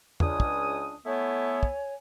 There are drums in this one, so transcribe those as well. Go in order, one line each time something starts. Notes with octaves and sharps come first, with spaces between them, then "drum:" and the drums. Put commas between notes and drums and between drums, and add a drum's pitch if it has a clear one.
C#2 D4 G#5 D#6, drum: tom E2
drum: kick
A3 B3 E4 C#5 G#5
drum: kick